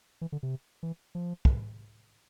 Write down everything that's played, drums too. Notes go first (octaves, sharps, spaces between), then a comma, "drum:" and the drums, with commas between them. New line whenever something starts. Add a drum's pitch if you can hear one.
E3
D3
C3
E3
F3
drum: kick